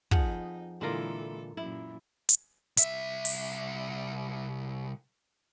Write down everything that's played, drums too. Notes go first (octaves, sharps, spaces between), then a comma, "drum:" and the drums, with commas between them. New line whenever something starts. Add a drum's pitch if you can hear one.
F2 F3 D#4 G#4 F#5, drum: kick
A#2 D3 E3 G#3 E4 F4 A4 A#4
F#2 A#2 E4
drum: hi-hat
C2 E5, drum: hi-hat
drum: open hi-hat